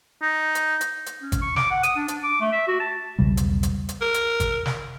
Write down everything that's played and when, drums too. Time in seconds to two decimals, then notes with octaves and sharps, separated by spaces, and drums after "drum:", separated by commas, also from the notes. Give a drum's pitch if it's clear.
0.22 D#4
0.55 drum: hi-hat
0.81 drum: hi-hat
1.06 drum: hi-hat
1.22 C#4
1.32 drum: kick G#1, hi-hat
1.42 C#6
1.56 D6, drum: snare
1.71 F#5
1.83 D#6, drum: hi-hat
1.96 D4
2.08 D4, drum: hi-hat
2.23 D6
2.41 A3
2.52 E5
2.68 F#4
2.80 A5
3.18 B1 E2 C#3 G3
3.37 drum: hi-hat
3.63 drum: hi-hat
3.89 drum: hi-hat
4.02 A#4
4.14 drum: hi-hat
4.40 drum: kick G#1, hi-hat
4.66 drum: snare